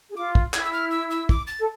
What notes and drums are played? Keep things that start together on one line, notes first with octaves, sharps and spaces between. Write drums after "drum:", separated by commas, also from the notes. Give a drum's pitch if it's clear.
G#4
F4 D6
drum: kick
E4 G#6, drum: clap
E6
F6
E6
E6
D6, drum: kick
A6
A4